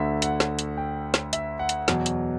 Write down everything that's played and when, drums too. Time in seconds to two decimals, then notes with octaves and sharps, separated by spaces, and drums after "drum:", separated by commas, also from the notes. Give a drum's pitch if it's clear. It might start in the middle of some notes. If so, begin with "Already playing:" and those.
Already playing: D2 D3 A3 E5
0.22 F#5, drum: hi-hat
0.40 drum: snare
0.59 drum: hi-hat
0.77 G5
1.14 drum: snare
1.33 E5, drum: hi-hat
1.59 F#5
1.69 drum: hi-hat
1.88 E2 B2 F#3, drum: snare
2.06 drum: hi-hat